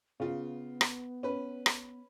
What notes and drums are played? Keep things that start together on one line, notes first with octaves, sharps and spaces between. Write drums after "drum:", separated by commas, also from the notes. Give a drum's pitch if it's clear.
C#3 B3 F4
drum: rim click
C#4 B4
drum: rim click